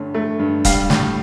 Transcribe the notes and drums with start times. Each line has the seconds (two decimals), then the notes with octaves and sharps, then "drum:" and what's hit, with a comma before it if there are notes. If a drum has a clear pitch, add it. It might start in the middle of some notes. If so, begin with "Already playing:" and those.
Already playing: G2 D3 A3 C#4
0.14 A3
0.39 G2
0.65 G3 F5, drum: kick E1, hi-hat
0.90 A2, drum: snare